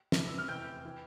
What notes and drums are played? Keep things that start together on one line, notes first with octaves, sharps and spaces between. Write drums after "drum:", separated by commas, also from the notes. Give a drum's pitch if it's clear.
D2 C3 E3, drum: snare
E6
F6
F1 E2 C3 G5 G6
E3